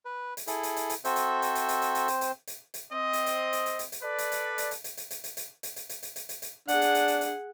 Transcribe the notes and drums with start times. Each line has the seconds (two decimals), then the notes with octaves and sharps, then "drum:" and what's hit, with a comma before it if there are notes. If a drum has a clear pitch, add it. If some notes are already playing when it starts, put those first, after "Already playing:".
0.05 B4
0.37 drum: hi-hat
0.47 E4 G#4 A4, drum: hi-hat
0.63 drum: hi-hat
0.76 drum: hi-hat
0.90 drum: hi-hat
1.05 C4 F#4 A4 C5 E5, drum: hi-hat
1.16 drum: hi-hat
1.42 drum: hi-hat
1.55 drum: hi-hat
1.69 drum: hi-hat
1.82 drum: hi-hat
1.95 drum: hi-hat
2.08 drum: hi-hat
2.21 drum: hi-hat
2.47 drum: hi-hat
2.74 drum: hi-hat
2.93 C4 D#5
3.13 drum: hi-hat
3.26 drum: hi-hat
3.53 drum: hi-hat
3.66 drum: hi-hat
3.79 drum: hi-hat
3.92 drum: hi-hat
4.02 A4 B4 D5
4.18 drum: hi-hat
4.32 drum: hi-hat
4.58 drum: hi-hat
4.71 drum: hi-hat
4.84 drum: hi-hat
4.97 drum: hi-hat
5.11 drum: hi-hat
5.24 drum: hi-hat
5.37 drum: hi-hat
5.63 drum: hi-hat
5.76 drum: hi-hat
5.89 drum: hi-hat
6.03 drum: hi-hat
6.16 drum: hi-hat
6.29 drum: hi-hat
6.42 drum: hi-hat
6.68 D4 G#4 F#5, drum: hi-hat
6.82 drum: hi-hat
6.95 drum: hi-hat
7.08 drum: hi-hat
7.21 drum: hi-hat